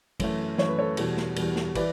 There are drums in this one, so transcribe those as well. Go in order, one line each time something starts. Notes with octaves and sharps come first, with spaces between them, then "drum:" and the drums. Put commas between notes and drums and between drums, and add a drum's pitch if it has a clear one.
F#2 E3 A3, drum: kick, cymbal
F#2 E3 A3 C#5, drum: snare
B4
A4 C#5
E2 B2 G3, drum: cymbal
drum: snare
E2 B2 G3, drum: cymbal
drum: snare
E3 B4 D5, drum: kick, cymbal